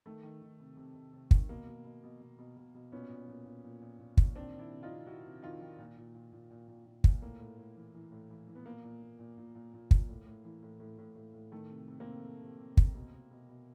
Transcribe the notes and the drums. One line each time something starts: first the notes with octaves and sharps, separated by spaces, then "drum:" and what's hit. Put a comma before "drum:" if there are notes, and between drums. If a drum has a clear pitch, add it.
D#3 A3
D#3
D#3
C3
C3
C3
C3
D#3, drum: kick
B2 A#3
B2
B2
B2
B2
B2
B2
B2
A#2 B3 C#4
A#2
A#2
A#2
A#2
A#2
A#2
A#2, drum: kick
D#3 C4 D4
D#3
D4 E4
C3
D#4 F4
C3
D#3 E4 F#4
C3
D#3 D#4 F4
D#3
A#2
A#2
A#2
A#2
A#2
A#2
A#2
A#2, drum: kick
A2 A#3
A2
A2
E3
E3
A2
E3
E3
B3
A#2 A#3
A#2
A#2
A#2
A#2
A#2
A#2
A#2, drum: kick
A2
A2
E3
A2
A2
A2
A2
A2
D#3 A3
C3
C3
A#3 C4
C3
C3
C3
C3
C3, drum: kick
B2
B2
B2
B2